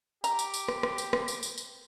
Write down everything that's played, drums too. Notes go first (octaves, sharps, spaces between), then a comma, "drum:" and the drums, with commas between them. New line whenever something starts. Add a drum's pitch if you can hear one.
G4 A#5, drum: tambourine
drum: tambourine
drum: tambourine
drum: rim click
drum: rim click
drum: tambourine
drum: rim click
drum: tambourine
drum: tambourine
drum: tambourine